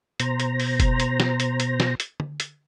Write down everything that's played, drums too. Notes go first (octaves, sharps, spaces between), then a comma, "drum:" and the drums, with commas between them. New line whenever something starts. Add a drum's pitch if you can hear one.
B2 C5 A#5, drum: hi-hat
drum: hi-hat
drum: open hi-hat
drum: kick, hi-hat
drum: hi-hat
drum: snare
drum: hi-hat
drum: hi-hat
drum: snare
drum: hi-hat
drum: tom D3
drum: hi-hat